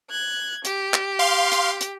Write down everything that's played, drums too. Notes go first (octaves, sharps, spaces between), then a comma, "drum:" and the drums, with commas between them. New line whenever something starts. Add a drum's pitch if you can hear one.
F#6 G#6
G4, drum: hi-hat
drum: clap
F5 C6
drum: hi-hat
drum: hi-hat